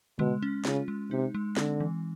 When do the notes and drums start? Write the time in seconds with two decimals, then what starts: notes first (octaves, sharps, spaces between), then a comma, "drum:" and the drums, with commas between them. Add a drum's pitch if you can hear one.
0.19 B2 G#3, drum: tom C#3
0.42 C#4
0.65 C#3 F4, drum: snare
0.88 G#3
1.11 C3 D#4
1.34 G#3
1.57 D3 C4, drum: snare
1.80 E3